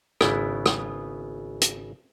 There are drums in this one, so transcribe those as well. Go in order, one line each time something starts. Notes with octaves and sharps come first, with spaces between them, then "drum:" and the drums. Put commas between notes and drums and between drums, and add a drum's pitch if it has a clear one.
G#1 C#3 B3 E4, drum: rim click
drum: rim click
drum: hi-hat